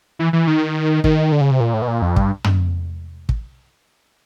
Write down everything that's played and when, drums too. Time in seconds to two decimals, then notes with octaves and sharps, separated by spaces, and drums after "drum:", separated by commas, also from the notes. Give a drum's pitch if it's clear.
0.19 E3
0.33 E3
0.47 D#3
1.04 D#3, drum: kick
1.32 D3
1.41 C#3
1.51 C3
1.60 A#2
1.74 A2
1.82 B2
1.88 A#2
2.02 F2
2.16 G2, drum: kick
2.44 drum: tom
3.29 drum: kick